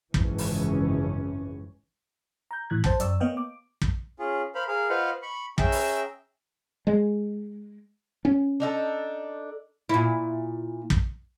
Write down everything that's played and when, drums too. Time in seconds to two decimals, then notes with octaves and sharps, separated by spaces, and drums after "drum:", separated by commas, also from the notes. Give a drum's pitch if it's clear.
0.14 G#1 C#2 F#2 E3 C#4, drum: kick
0.38 drum: open hi-hat
2.51 A#5 G6
2.70 A2 E3 F#6 G#6
2.84 C5 G5 A5, drum: kick
3.00 F#2 D5 E6, drum: hi-hat
3.20 A#3 B3 C#5 D#5 F5 G5
3.37 D6
3.82 drum: kick
4.19 C#4 F4 G#4
4.55 A#4 C5 F5 B5
4.68 G#4 A#4 F5
4.90 F4 B4 C5 D#5 F5 F#5
5.22 B5 C#6
5.58 C#4 G#4 E5 G5 A#5 E6, drum: kick
5.72 drum: open hi-hat
6.87 G#3
8.25 C#4
8.60 D4 D#4 A4
9.89 A#2 E4
10.90 drum: kick